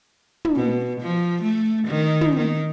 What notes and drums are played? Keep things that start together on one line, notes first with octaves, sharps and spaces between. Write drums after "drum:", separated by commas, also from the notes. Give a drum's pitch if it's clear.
drum: tom
B2
F3
A3
D#3
drum: tom
D#3